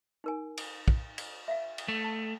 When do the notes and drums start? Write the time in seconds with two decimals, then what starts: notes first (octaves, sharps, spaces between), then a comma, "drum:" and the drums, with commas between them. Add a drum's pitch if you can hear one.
0.24 D#4 A#4 G#5
0.57 drum: cymbal
0.88 drum: kick
1.18 drum: cymbal
1.48 E5 F5
1.78 drum: cymbal
1.88 A3
2.04 A5